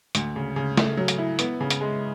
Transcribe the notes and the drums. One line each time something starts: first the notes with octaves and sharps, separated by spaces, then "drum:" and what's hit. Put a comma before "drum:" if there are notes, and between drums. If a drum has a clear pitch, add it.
D2, drum: hi-hat
C#3
C#3
A3, drum: snare
F#3
drum: hi-hat
E4
B3, drum: hi-hat
C#3
drum: hi-hat
G#3